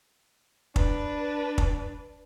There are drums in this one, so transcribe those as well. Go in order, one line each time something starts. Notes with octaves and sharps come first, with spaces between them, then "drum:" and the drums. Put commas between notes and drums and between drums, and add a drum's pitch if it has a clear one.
D4 B4, drum: kick
drum: kick